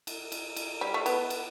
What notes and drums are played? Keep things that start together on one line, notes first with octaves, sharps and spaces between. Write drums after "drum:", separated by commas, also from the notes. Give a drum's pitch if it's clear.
drum: cymbal
drum: cymbal
drum: cymbal
G3
A3
B3, drum: cymbal
drum: cymbal